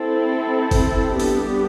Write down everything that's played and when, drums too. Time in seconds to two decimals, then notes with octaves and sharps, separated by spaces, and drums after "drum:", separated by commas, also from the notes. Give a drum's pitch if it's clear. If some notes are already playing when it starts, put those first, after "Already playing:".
Already playing: C4 E4 A4
0.71 drum: kick F#1, open hi-hat
1.20 G3 B3 D4 G4, drum: open hi-hat